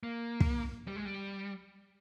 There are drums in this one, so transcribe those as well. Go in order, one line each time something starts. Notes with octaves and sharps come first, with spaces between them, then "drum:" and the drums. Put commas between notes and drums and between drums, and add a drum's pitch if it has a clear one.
A#3
drum: kick
G3
G#3
G3